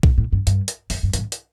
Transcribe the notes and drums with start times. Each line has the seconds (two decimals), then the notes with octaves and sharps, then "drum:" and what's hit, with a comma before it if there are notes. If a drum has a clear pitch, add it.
0.03 A#2, drum: kick B1
0.18 A2
0.32 G2
0.47 G2, drum: hi-hat
0.68 drum: hi-hat
0.90 F2, drum: open hi-hat
1.03 G2
1.13 G2, drum: hi-hat
1.17 A2
1.32 drum: hi-hat